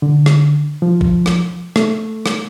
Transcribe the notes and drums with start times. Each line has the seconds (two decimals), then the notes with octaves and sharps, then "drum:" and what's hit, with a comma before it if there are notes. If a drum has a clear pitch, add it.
0.02 D3
0.26 drum: rim click
0.82 F3
1.01 drum: kick
1.26 drum: rim click
1.76 A3, drum: rim click
2.26 drum: rim click